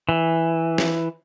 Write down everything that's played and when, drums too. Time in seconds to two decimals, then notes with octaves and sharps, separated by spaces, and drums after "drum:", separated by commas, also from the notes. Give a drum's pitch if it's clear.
0.09 E3
0.78 drum: snare